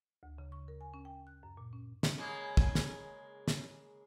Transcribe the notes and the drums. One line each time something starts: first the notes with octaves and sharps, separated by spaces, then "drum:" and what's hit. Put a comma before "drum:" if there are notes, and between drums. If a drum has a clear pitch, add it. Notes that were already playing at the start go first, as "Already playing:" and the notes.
D2
C#3
C#6
A#4
G#5
C#4
G5
F#6
F#2
A#2
C#4
drum: snare
C#3 G#3 A#3
drum: kick
drum: snare
drum: snare